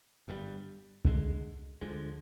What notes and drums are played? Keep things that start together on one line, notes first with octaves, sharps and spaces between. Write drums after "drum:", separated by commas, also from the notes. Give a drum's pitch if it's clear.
G1 G2 D3 G3
D2 D3 F3 G#3, drum: kick C2
D2 D3 F3 G#3